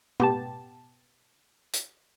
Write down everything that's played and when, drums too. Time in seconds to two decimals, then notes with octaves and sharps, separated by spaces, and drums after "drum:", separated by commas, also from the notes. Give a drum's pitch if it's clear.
0.20 B3 G4 A5, drum: tom B2
1.73 drum: hi-hat